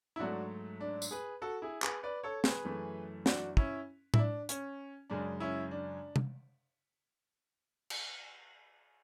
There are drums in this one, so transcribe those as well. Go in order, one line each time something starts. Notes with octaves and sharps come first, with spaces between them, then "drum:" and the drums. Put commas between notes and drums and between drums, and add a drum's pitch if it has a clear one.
E4
G#2 F#3 A3 D4 F#4
D4
drum: tambourine
G#4 B4
F#4 A4
E4 G#4
G#4 B4, drum: clap
B4 D5
A4 C#5
G#4 B4, drum: snare
F#2 E3 A3
D4 F#4, drum: snare
C#4 E4, drum: kick
E4, drum: tom A2
D4
C#4, drum: hi-hat
F#2 C#3 G#3 D4
C#4 E4
D4
drum: tom C3
drum: cymbal